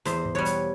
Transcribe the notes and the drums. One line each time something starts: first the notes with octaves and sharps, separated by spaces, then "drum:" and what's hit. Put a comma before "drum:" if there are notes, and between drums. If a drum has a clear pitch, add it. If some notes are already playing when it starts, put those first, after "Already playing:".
E2 C5, drum: hi-hat
drum: kick
B2 G3 C#5
drum: hi-hat